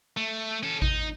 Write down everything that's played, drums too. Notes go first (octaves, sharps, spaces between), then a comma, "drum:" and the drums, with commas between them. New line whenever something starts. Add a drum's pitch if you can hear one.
A3
C#4 A4
D#4, drum: kick G#1